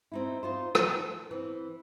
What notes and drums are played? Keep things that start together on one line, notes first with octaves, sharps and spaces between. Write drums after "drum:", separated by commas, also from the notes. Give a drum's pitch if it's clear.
C4 D#4 E4
D#4 F4 C5
F3, drum: rim click
E3 C4